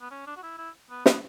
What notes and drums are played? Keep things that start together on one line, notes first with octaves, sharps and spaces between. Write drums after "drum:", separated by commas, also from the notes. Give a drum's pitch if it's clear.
B3
C#4
D4
F#4
E4
E4
B3
B3, drum: snare